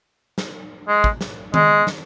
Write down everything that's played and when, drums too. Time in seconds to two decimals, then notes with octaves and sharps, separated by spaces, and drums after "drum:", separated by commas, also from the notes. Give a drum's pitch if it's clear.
0.38 drum: snare
0.88 G#3
1.04 drum: kick
1.21 drum: snare
1.54 G#3, drum: tom D#3
1.87 drum: snare